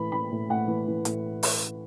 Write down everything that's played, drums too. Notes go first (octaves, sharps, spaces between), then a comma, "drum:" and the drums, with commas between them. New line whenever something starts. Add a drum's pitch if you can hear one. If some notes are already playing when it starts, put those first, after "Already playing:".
Already playing: A2 E3 B5
E3 B5
A2
A2 F#5
E3
E3
A2, drum: hi-hat
drum: open hi-hat